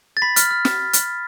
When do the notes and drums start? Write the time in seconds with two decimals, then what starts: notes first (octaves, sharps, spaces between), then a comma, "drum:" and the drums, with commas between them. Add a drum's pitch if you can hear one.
0.17 A6
0.22 B5 B6
0.36 F6, drum: hi-hat
0.51 F6
0.65 drum: snare
0.93 drum: hi-hat